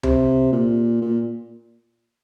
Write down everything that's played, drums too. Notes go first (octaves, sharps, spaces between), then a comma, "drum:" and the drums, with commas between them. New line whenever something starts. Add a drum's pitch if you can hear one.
C3, drum: tom C#2
A#2
A#2